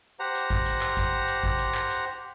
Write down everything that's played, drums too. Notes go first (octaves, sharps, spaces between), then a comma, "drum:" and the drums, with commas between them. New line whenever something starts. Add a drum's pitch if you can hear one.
G4 C5 F#5 A#5
drum: hi-hat
drum: kick A1
drum: hi-hat
drum: clap
drum: kick A1, hi-hat
drum: hi-hat
drum: kick A1
drum: hi-hat
drum: clap
drum: hi-hat